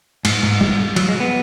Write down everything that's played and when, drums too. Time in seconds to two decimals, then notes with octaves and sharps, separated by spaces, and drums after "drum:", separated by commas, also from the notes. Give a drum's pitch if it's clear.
0.25 G#2, drum: cymbal
0.43 G#2
0.61 drum: tom G3
0.96 F#3, drum: cymbal
1.08 G#3
1.20 B3